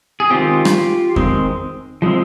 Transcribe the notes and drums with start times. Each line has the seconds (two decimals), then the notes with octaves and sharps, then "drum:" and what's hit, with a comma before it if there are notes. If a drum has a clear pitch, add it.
0.20 G#4
0.30 D#3 G#3 C4 F4 G4
0.65 drum: rim click
1.16 D#3 G#3 C4, drum: kick F2
2.02 F3 G#3 C4